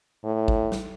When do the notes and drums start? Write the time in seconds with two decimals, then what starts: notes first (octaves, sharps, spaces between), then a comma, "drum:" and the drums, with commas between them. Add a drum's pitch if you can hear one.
0.25 A2
0.48 drum: kick G#1
0.72 drum: snare